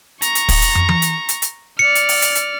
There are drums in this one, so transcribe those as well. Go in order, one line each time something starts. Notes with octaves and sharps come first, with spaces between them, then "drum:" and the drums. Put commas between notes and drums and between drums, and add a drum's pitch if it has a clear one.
A#5 C#6, drum: hi-hat
drum: hi-hat
drum: kick, open hi-hat
drum: hi-hat
drum: tom
drum: tom E3
drum: hi-hat
drum: hi-hat
drum: hi-hat
D5 F6 C#7
drum: hi-hat
drum: open hi-hat
drum: hi-hat
drum: hi-hat